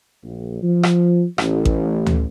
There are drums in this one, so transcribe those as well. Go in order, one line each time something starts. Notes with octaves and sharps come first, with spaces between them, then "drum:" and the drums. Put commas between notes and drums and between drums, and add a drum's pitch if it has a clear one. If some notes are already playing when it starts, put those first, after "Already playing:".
A#1
F3
drum: rim click
A1, drum: rim click
drum: kick A1
drum: tom D2